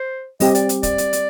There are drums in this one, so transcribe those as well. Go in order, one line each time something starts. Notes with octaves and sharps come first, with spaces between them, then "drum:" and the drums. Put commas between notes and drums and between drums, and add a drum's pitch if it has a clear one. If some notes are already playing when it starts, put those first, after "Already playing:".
Already playing: C5
G3 C4 G4 D#5, drum: open hi-hat
D5, drum: hi-hat
drum: hi-hat
D5, drum: kick, hi-hat
drum: hi-hat
drum: hi-hat